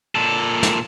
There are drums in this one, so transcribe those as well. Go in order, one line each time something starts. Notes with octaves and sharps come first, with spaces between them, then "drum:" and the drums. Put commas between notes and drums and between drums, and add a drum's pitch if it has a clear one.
A#2 A4
drum: snare